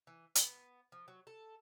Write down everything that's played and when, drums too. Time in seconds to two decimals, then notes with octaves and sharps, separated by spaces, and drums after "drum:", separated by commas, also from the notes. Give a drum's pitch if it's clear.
0.07 E3
0.35 B3, drum: hi-hat
0.92 F3
1.08 F#3
1.27 A4